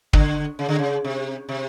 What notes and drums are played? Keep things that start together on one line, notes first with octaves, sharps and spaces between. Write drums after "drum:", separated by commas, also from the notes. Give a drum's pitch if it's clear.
D3, drum: kick
C#3
D3
C#3
C3
C3